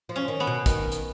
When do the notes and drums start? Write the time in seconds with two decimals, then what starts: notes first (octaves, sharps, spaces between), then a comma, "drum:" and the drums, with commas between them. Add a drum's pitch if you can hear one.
0.09 F3
0.16 C#4
0.28 D#3
0.40 B3
0.47 B2
0.66 D#3, drum: kick, hi-hat
0.92 drum: hi-hat